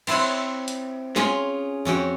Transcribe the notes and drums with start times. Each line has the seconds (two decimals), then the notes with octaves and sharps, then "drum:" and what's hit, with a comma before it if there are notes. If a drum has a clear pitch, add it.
0.07 C4 E4 C5 C#5 F#5, drum: cymbal
0.68 drum: hi-hat
1.16 C#4 F4 G#4, drum: snare
1.85 F2 C#4 F#4 G5